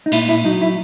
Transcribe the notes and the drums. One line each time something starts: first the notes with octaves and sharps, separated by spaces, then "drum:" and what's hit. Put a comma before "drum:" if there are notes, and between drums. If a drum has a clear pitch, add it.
D#4
A#2 E4, drum: cymbal
E4
F#3 D#4
E4